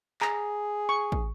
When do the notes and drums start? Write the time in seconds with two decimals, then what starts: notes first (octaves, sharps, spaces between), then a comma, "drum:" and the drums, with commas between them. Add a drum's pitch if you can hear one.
0.22 G#4 A#5, drum: clap
0.89 C#6
1.12 drum: kick